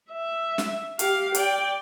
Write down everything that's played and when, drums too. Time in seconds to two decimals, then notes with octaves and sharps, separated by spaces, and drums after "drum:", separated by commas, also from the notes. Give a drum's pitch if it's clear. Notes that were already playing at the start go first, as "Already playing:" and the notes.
0.12 E5
0.58 drum: snare
0.99 G4 F5, drum: hi-hat
1.35 D5 G5, drum: hi-hat